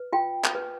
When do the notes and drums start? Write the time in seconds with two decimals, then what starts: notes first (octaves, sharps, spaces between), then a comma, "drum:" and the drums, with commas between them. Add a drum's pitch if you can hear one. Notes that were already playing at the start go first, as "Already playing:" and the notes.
Already playing: B4
0.13 F4 G5
0.44 drum: clap
0.55 B4